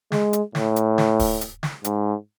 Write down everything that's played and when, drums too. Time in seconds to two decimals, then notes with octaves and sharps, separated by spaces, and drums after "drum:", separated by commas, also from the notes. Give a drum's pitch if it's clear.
0.12 G#3, drum: snare
0.33 drum: hi-hat
0.55 A2, drum: snare
0.76 drum: hi-hat
0.98 drum: snare
1.20 drum: kick, open hi-hat
1.41 drum: hi-hat
1.63 drum: snare
1.84 G#2, drum: hi-hat